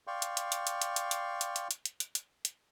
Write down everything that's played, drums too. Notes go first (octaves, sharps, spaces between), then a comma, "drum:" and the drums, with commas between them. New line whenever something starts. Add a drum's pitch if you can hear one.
D5 F5 G5 C6 C#6
drum: hi-hat
drum: hi-hat
drum: hi-hat
drum: hi-hat
drum: hi-hat
drum: hi-hat
drum: hi-hat
drum: hi-hat
drum: hi-hat
drum: hi-hat
drum: hi-hat
drum: hi-hat
drum: hi-hat
drum: hi-hat